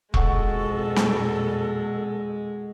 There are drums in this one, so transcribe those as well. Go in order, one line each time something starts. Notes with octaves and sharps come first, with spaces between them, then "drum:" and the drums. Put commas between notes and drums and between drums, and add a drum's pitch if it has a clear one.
F2 B2 G#3 A4 F#5 C#6, drum: kick E1
drum: snare